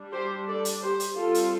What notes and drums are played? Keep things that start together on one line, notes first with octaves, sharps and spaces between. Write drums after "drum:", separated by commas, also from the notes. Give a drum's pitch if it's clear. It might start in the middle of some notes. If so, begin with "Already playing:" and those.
Already playing: G3 D4
G4 C5
A4 D5
drum: hi-hat
G4 C5
drum: hi-hat
G3 C4 F4 A4
drum: hi-hat